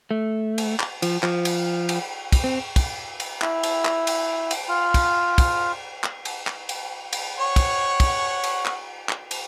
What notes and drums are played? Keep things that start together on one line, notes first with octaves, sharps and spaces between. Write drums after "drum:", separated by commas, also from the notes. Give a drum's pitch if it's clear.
A3
drum: cymbal
drum: clap
F3, drum: cymbal
F3, drum: clap
drum: cymbal
drum: cymbal
drum: kick, cymbal
C4
drum: kick, cymbal
drum: cymbal
E4, drum: clap
drum: cymbal
drum: clap
drum: cymbal
drum: cymbal
F4
drum: kick, cymbal
drum: kick, cymbal
drum: clap
drum: cymbal
drum: clap
drum: cymbal
drum: cymbal
C#5 F#5 C#6
drum: kick, cymbal
drum: kick, cymbal
drum: cymbal
drum: clap
drum: clap
drum: cymbal